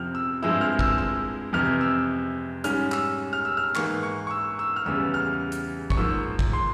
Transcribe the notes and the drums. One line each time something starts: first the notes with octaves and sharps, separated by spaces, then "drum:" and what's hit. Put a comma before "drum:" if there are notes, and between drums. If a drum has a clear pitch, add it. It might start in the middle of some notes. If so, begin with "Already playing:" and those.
Already playing: F2 C3 F3 C4 F6
E6
G2 F3 G#3 C4 E4 E6
F6
E6, drum: kick
E6
F2 C3 E3 F6
E6
G#2 G3 C#4 F6, drum: hi-hat
E6, drum: clap
F6
E6
F6
G#2 E3 A#3 C#6, drum: clap
C#6
C#6
E6
E6
F6
E2 C#3 E3 G3 E6
F6
drum: hi-hat
C#6, drum: kick
G#2 F3 A#3 E6
drum: kick
C6